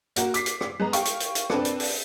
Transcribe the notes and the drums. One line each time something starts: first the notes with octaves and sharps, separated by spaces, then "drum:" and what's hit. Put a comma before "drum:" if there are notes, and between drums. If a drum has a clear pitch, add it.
A#3 F#4 A#4, drum: hi-hat
D6 B6 C7, drum: hi-hat
drum: hi-hat
drum: rim click
G#3 B3 A#5
G4 F5 G5 C#6, drum: hi-hat
drum: hi-hat
drum: hi-hat
drum: hi-hat
C4 D4 A4 B4 D5, drum: rim click
drum: hi-hat
drum: open hi-hat